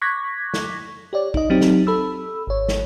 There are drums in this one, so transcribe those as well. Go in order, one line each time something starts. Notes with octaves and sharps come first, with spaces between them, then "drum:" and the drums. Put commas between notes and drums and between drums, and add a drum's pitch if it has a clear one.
C#6 D6 F#6 G#6 A#6 B6
drum: snare
G4 C#5 D5
D#4 D#5, drum: kick
F#3 C4 D#4 G4
drum: snare
A4 B5 E6
G#1 C#5
drum: snare